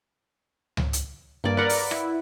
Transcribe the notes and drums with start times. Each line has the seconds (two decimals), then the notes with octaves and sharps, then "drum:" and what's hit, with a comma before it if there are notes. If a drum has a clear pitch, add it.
0.77 drum: tom C#2
0.93 drum: hi-hat
1.44 G2 A#3 D5
1.57 A#4 B4 D5 F#5
1.69 drum: open hi-hat
1.91 E4, drum: rim click